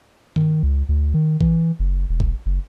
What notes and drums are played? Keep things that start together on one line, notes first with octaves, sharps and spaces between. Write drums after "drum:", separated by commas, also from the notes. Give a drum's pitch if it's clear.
D#3, drum: tom G2
C#2
D2
D#3
E3, drum: kick
F#1
E1
drum: kick
F#1